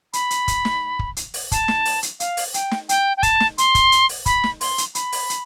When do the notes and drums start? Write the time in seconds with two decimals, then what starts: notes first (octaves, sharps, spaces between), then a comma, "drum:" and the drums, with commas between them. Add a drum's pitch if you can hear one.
0.13 B5, drum: hi-hat
0.30 drum: hi-hat
0.48 drum: kick, hi-hat
0.65 drum: snare
0.99 drum: kick
1.17 drum: hi-hat
1.34 drum: open hi-hat
1.52 A5, drum: kick, hi-hat
1.68 drum: snare
1.85 drum: open hi-hat
2.03 drum: hi-hat
2.20 F5, drum: hi-hat
2.37 drum: open hi-hat
2.54 G5, drum: hi-hat
2.71 drum: snare
2.89 G5, drum: hi-hat
3.17 G5
3.23 A5, drum: kick, hi-hat
3.40 drum: snare
3.58 C6, drum: hi-hat
3.75 drum: kick, hi-hat
3.92 drum: hi-hat
4.09 drum: open hi-hat
4.26 B5, drum: kick, hi-hat
4.44 drum: snare
4.61 C6, drum: open hi-hat
4.78 drum: hi-hat
4.95 B5, drum: hi-hat
5.12 drum: open hi-hat
5.30 drum: hi-hat